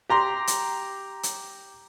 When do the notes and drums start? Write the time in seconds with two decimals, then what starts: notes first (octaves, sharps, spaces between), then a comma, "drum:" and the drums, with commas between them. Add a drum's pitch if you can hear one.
0.09 G4 A#5 C6
0.47 drum: hi-hat
1.23 drum: hi-hat